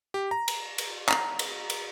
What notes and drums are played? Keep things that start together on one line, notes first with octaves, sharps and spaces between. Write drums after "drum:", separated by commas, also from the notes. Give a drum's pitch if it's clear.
G4
A#5
drum: cymbal
drum: cymbal
A#5, drum: clap
drum: cymbal
drum: cymbal